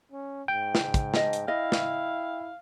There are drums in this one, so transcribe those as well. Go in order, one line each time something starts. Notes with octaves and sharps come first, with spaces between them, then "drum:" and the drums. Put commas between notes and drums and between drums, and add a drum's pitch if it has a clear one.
C#4
G#2 G5
drum: snare
drum: kick, hi-hat
D#5 A5, drum: snare
drum: hi-hat
E4 D#5 F5
drum: snare